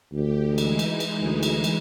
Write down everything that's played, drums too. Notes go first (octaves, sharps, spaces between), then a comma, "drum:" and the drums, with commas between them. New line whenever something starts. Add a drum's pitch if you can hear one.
D2 G4
E3 G#3 D#4
drum: cymbal
drum: cymbal
drum: cymbal
D2
drum: cymbal
drum: cymbal